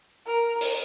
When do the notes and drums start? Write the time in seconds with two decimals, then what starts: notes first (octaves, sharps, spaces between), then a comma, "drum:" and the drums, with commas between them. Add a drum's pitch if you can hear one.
0.26 A#4
0.61 drum: open hi-hat